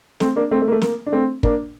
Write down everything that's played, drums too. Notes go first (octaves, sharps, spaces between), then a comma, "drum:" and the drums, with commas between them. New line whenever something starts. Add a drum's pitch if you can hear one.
A3 C4, drum: snare
A#3 D4
A3 C4
A3
A#3
A3
A#3, drum: snare
D4
A3 C4
A#3 D4, drum: kick